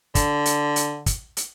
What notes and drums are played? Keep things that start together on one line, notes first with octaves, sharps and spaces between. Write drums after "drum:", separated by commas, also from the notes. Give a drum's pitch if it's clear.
D3, drum: kick, hi-hat
drum: hi-hat
drum: hi-hat
drum: kick, hi-hat
drum: hi-hat